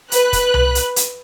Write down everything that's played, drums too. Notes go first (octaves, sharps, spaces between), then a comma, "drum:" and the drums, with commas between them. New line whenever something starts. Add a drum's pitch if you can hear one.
B4 F#6, drum: hi-hat
drum: kick, hi-hat
drum: tom C2
drum: hi-hat
drum: hi-hat